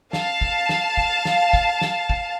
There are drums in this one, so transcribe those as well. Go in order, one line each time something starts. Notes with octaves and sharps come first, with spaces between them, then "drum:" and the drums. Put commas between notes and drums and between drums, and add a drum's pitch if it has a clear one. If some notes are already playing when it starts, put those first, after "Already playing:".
F5 A5, drum: snare
drum: kick
drum: snare
drum: kick
drum: snare
drum: kick
drum: snare
drum: kick